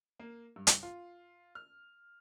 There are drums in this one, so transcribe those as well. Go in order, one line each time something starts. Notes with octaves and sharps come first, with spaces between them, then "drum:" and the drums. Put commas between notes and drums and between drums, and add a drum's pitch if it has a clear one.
A#3
G2
drum: hi-hat
F4
F6